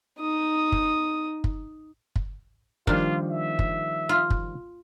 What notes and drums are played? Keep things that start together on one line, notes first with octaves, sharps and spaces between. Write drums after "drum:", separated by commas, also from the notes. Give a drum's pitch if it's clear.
D#4 D#6
drum: kick
drum: kick
drum: kick
D#3 F3 G3 A#3 D4 F4, drum: kick
E5
drum: kick
F4
drum: kick